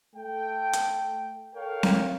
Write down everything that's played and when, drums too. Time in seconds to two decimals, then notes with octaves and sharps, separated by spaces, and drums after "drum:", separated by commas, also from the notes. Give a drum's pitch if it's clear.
0.16 A3 A4 G5
0.73 drum: hi-hat
1.55 A4 A#4 C#5 F5 G5
1.83 drum: snare C4